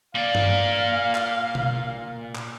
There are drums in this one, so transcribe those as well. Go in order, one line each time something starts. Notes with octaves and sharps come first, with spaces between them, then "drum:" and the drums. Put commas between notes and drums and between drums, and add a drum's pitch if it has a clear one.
A#2 D5 F5
drum: tom G2
drum: clap
drum: tom B2
drum: clap